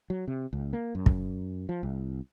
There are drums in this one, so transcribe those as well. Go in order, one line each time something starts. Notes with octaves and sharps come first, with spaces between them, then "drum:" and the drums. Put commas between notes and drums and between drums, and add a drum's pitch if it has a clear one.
F#3
C3
C#2
A#3
F#2
drum: kick
F3
C2